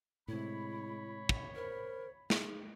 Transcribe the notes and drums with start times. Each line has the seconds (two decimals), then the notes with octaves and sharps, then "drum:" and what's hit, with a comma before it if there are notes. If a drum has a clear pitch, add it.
0.28 A2 C3 G#3 E4 C#5 B5
1.29 drum: kick
1.56 A#4 C5
2.30 D#4 G#4, drum: snare